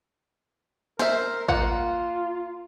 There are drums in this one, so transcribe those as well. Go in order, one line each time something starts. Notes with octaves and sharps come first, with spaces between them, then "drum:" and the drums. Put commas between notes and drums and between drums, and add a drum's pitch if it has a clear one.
A#4 C5 E5, drum: snare
A#3 F4 F#5, drum: kick